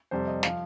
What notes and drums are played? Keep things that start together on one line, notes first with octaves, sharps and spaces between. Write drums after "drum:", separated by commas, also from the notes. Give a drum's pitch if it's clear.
F2 C3 G3 C5
D#5
F3 F5, drum: snare